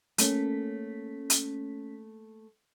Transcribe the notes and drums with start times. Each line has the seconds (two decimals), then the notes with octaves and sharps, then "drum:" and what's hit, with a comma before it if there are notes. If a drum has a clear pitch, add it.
0.18 A3 A#3 C#4 B6, drum: hi-hat
1.30 drum: hi-hat